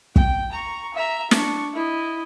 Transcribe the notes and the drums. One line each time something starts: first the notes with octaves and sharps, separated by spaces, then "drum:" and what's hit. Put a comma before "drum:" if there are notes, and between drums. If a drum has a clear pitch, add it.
G5, drum: kick
A#5 C#6
E5 A#5
D4 C#6, drum: snare
E4 D#5